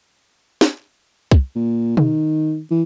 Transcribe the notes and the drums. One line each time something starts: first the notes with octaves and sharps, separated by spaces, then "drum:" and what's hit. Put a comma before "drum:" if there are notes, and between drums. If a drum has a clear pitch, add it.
drum: snare
drum: kick
A#2
D#3, drum: tom B2
E3